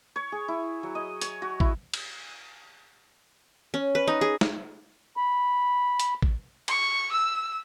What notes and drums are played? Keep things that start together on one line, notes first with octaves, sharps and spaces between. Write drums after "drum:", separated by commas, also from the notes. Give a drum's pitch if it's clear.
C#5
G#4
E4
F#3
D#5
C#5, drum: hi-hat
F#4
E4, drum: kick
drum: cymbal
C#4
B4
D#4
G#4
drum: snare
B5
drum: hi-hat
drum: kick
C#6, drum: cymbal
E6